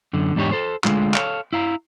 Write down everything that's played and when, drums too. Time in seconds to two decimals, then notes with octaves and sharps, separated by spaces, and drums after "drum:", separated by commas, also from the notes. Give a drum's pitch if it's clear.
0.13 F#2 D3
0.35 E2 G#2 D4 D#4 G4 C#5
0.52 A4 C5
0.84 D2 D3 F3 G#3 F4, drum: clap
1.14 A4 C#5 F5, drum: clap
1.53 E4 F5 A#5